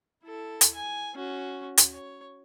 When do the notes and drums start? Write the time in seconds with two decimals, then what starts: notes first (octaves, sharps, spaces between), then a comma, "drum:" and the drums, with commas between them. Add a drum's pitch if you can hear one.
0.24 E4 A4
0.61 drum: hi-hat
0.75 G#5
1.15 C#4 F#4
1.78 drum: hi-hat
1.92 C#5